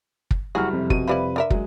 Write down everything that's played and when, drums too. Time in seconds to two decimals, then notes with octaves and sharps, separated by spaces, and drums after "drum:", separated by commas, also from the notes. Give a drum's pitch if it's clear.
0.31 drum: kick
0.55 F#1 G3 F#4 G#4 F6
0.73 F2 C3
0.90 B2 D#7, drum: kick
1.08 F3 G3 E4 B4
1.36 D3 A#4 E5
1.50 F#3 G#3, drum: kick